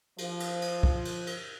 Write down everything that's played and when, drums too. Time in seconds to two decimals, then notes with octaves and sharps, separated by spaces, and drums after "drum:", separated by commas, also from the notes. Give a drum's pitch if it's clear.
0.18 F3, drum: cymbal
0.40 drum: cymbal
0.62 drum: cymbal
0.83 drum: kick
1.05 drum: cymbal
1.27 drum: cymbal